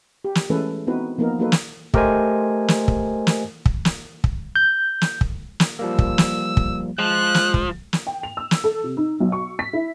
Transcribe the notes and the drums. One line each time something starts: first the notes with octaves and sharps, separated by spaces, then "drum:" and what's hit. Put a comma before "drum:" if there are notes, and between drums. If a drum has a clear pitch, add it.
G4
drum: snare
E3 G#3 A3 C#4 A4 B4
B3 C4 D#4 E4 F#4 B4
F3 A#3 B3 D#4 A#4
F#3 A#3 D#4 F#4 A4 B4
drum: snare
A3 G4 A#4 C5 D#5 G#5, drum: kick
drum: snare
drum: kick
drum: snare
drum: kick
drum: snare
drum: kick
G6
drum: snare
drum: kick
drum: snare
F3 G3 A#3 E6
drum: kick
drum: snare
drum: kick
F3 G#3 F#6
drum: snare
drum: kick
drum: snare
G5
F7
E6
drum: snare
A4
C3
D#4
B1
C#6
B6
E4